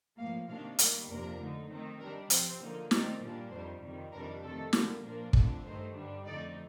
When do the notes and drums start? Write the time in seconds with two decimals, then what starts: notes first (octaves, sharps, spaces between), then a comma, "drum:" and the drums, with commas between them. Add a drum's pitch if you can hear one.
0.18 A2 F3 A#3 F5
0.47 C3 D#3 A#3 D4 F5
0.79 D#3 G3 A#3 A#4, drum: hi-hat
1.08 F2 C3 F3 A#3 D4 A#4
1.39 D3 A3 D#4
1.69 D#3 A3 C4 D#4
1.99 D#3 G3 D4 A#4
2.30 C3 F3 C4 C5, drum: hi-hat
2.60 D3 F3 A#3 D#4
2.91 D#3 A3 C4 D#4 D5, drum: snare
3.21 A#2 G3 A#3 D4
3.51 F2 D#3 G3 C5
3.82 F2 C3 D#3 G3
4.12 F2 C3 D#3 G3 D4 A#4
4.43 C3 D#3 A3 A4
4.73 D3 G3 A#3, drum: snare
5.03 A#2 F3 A#3 D4 A#4
5.33 F2 D3 A3 D4, drum: kick
5.64 G2 D#3 A3 C5
5.94 G2 D3 G3 D4
6.25 F2 D3 A3 D#4 D5